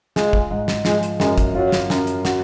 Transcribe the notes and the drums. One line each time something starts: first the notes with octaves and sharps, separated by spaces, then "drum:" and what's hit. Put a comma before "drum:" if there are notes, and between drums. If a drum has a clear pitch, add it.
G#3 F4, drum: snare
drum: kick
G#2
drum: snare
F3 G#3, drum: snare
drum: hi-hat
F#2 G#3, drum: snare
drum: kick, hi-hat
F#3 F4
drum: snare
F#2, drum: snare
drum: hi-hat
F#4, drum: snare